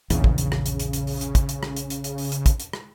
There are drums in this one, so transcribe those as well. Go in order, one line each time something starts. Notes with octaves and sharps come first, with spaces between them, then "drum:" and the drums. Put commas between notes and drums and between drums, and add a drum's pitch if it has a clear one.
A#1 E2 C#3, drum: hi-hat
drum: kick
drum: hi-hat
drum: rim click
drum: hi-hat
drum: hi-hat
drum: hi-hat
drum: open hi-hat
drum: hi-hat
drum: kick, hi-hat
drum: hi-hat
drum: rim click
drum: hi-hat
drum: hi-hat
drum: hi-hat
drum: open hi-hat
drum: hi-hat
drum: kick, hi-hat
drum: hi-hat
drum: rim click